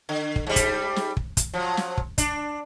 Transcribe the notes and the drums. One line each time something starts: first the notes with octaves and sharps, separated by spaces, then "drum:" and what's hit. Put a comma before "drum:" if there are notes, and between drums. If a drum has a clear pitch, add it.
D3
drum: kick
G#2 G3
drum: kick, hi-hat
drum: snare
drum: kick
drum: kick, hi-hat
F3 F#3
drum: snare
drum: kick
D4, drum: kick, hi-hat